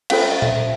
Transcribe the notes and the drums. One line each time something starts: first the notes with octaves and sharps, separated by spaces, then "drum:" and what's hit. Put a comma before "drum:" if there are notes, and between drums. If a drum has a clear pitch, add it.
C#4 F4 A4 C5 F5, drum: cymbal
E5
D#5
E5, drum: tom A#2